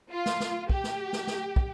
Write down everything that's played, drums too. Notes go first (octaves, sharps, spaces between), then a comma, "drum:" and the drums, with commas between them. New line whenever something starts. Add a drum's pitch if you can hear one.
F4
drum: snare
drum: snare
G4, drum: kick
drum: snare
drum: snare
drum: snare
drum: kick